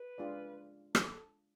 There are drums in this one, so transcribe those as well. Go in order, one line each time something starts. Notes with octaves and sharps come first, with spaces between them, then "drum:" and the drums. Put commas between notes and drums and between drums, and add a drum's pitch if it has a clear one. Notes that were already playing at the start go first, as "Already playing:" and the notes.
Already playing: B4
G#3 D4 F4 G#4 D5
A4, drum: rim click